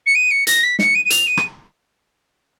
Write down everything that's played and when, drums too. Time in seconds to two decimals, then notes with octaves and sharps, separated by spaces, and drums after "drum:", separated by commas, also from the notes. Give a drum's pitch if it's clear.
0.06 C#7
0.15 D#7
0.31 C#7
0.47 A#6, drum: hi-hat
0.63 B6
0.79 C#7, drum: snare
0.95 D#7
1.05 D#7
1.10 F7, drum: hi-hat
1.26 D#7
1.37 drum: rim click